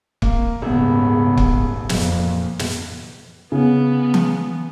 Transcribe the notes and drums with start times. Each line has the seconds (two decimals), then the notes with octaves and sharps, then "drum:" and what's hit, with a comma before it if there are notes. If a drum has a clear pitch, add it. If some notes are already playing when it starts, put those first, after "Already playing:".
0.22 A#3, drum: kick C#1
0.62 D#1 G#2 C#3 B3
1.37 drum: kick C#1
1.89 F2 A#2, drum: snare
2.59 drum: snare
3.52 C#3 B3
4.14 drum: tom E3